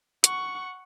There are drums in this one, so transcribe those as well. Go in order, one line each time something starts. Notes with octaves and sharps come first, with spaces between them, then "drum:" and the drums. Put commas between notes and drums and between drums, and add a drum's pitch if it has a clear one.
F#5 C#6, drum: hi-hat